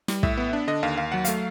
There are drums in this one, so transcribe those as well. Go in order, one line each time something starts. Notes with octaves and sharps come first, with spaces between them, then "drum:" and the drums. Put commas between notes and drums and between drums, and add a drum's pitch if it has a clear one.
G3, drum: snare
A2 E5, drum: kick
B3
D4
D3 D#5
D#2 F5
D#2 F5
F#3 F#5
A3 F5, drum: hi-hat